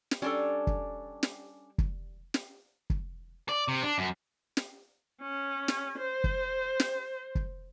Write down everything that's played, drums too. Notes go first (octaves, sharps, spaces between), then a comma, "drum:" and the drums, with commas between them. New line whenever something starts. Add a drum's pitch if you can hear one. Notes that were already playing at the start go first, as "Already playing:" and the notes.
drum: snare
G3 C#4 D4 A4
drum: kick
drum: snare
drum: kick
drum: snare
drum: kick
D5
C3
D4
F#2
drum: snare
C#4
drum: snare
C5
drum: kick
drum: snare
drum: kick